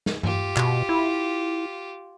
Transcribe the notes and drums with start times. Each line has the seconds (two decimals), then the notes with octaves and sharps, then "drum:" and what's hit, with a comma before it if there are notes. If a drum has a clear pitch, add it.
0.06 drum: snare
0.23 F4 G4, drum: tom G2
0.57 B2, drum: clap
0.89 E4